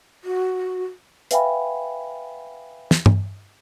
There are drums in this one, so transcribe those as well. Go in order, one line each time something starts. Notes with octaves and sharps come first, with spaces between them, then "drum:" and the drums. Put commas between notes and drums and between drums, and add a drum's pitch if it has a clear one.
F#4
B4 E5 F5 G5 G#5 B5, drum: hi-hat
drum: snare
drum: tom G2